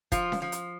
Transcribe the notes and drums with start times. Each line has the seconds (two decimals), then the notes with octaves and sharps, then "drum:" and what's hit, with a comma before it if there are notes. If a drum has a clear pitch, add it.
0.12 F3 F4, drum: kick, hi-hat
0.32 drum: snare C#4
0.42 F3
0.52 drum: hi-hat